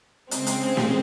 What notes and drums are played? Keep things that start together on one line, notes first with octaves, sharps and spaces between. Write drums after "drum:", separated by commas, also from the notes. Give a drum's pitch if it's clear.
C#3 G#3 C4, drum: hi-hat
drum: hi-hat
drum: snare